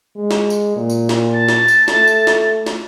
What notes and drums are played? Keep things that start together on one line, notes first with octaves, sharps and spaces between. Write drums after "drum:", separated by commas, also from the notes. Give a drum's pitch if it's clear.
G#3
drum: snare
drum: tambourine
A#2
drum: tambourine
drum: snare
A5
drum: snare
drum: tambourine
A3, drum: snare
drum: tambourine
drum: snare
drum: snare